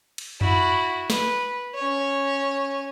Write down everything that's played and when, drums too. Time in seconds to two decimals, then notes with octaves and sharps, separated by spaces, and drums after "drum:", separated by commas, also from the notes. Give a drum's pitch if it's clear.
0.18 drum: cymbal
0.41 E4 F#4, drum: tom F2
1.10 B4, drum: snare
1.75 C#4 C#5